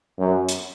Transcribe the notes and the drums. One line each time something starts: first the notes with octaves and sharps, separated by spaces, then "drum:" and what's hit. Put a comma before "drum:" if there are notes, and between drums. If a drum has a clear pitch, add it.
F#2
drum: hi-hat